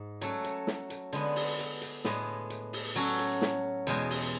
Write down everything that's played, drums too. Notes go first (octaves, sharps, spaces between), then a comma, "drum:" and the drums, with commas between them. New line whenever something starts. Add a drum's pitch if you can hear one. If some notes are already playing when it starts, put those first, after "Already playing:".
Already playing: G#2
F#3 A3 C#4 F#4 A4, drum: hi-hat
drum: hi-hat
drum: snare
drum: hi-hat
D3 G#3 B3, drum: hi-hat
drum: open hi-hat
drum: hi-hat
drum: hi-hat
A2 G#3 B3, drum: snare
drum: hi-hat
drum: open hi-hat
F#3 C#4 F#4 A4, drum: hi-hat
drum: hi-hat
drum: snare
E2 B2 G#3, drum: hi-hat
drum: open hi-hat